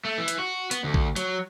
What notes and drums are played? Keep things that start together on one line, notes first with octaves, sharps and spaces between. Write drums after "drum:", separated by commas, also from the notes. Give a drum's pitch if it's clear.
A3
E3
drum: hi-hat
F#4
B3, drum: hi-hat
D2
drum: kick
F#3, drum: hi-hat